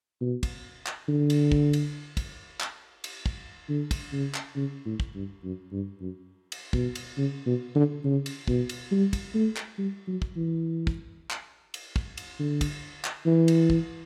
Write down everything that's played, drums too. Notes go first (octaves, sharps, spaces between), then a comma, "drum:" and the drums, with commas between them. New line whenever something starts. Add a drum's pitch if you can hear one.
B2
drum: kick, cymbal
drum: clap
D3
drum: cymbal
drum: kick
drum: cymbal
drum: kick, cymbal
drum: clap
drum: cymbal
drum: kick
D3
drum: kick, cymbal
C#3
drum: clap
C#3
A2
drum: kick
G2
F#2
G2
F#2
drum: cymbal
B2, drum: kick
drum: cymbal
C#3
B2
D3
C#3
drum: cymbal
B2, drum: kick
drum: cymbal
G3
drum: kick, cymbal
A3
drum: clap
G3
F#3
drum: kick
E3
drum: kick
drum: clap
drum: cymbal
drum: kick
drum: cymbal
D3
drum: kick, cymbal
drum: clap
E3
drum: cymbal
drum: kick